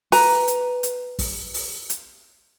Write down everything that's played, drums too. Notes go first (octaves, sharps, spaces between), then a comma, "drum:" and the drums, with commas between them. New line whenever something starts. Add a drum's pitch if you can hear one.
B4 A#5, drum: open hi-hat
drum: hi-hat
drum: hi-hat
drum: kick, open hi-hat
drum: open hi-hat
drum: hi-hat